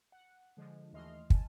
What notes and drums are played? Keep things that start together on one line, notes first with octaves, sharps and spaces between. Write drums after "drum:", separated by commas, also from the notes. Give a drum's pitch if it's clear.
F#5
D3 F3 G#3
D#2 E3 A3 D#5 C6 F6
G#5 A5, drum: kick